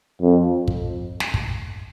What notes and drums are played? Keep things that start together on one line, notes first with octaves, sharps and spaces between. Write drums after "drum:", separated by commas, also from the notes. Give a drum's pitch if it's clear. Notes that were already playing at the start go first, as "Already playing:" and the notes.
F2
drum: kick
drum: snare
drum: kick